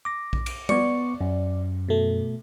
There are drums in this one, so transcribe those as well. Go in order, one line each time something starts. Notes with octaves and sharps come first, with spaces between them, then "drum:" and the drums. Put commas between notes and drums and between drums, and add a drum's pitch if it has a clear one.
D6 A#6
drum: kick A#1
drum: cymbal
B3 D5 C#6 C#7, drum: tom G3
F#2
B2 A3